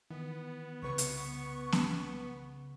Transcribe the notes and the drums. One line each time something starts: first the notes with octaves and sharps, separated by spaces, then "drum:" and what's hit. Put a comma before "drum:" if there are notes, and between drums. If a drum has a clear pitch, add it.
D#3 E3 B3
C2 C#3 B4 C#6
drum: hi-hat
drum: snare B3